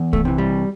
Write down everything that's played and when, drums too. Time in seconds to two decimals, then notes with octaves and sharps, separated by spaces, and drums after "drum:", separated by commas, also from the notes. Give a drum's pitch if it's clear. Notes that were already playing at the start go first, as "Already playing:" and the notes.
Already playing: E2
0.13 A3, drum: kick
0.25 C3 E3
0.38 G3